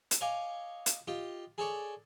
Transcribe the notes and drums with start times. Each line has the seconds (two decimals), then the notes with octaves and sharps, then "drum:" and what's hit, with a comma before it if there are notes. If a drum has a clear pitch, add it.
0.11 drum: hi-hat
0.21 C#5 D#5 F5 G#5 D6 D#6
0.86 drum: hi-hat
1.07 F4 G4 D#5
1.58 G#4 A4 C#5 D5